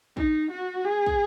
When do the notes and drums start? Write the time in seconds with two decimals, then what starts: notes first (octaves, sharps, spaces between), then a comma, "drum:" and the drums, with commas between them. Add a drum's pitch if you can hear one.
0.17 D#4, drum: kick
0.51 F#4
0.84 G#4
1.06 drum: kick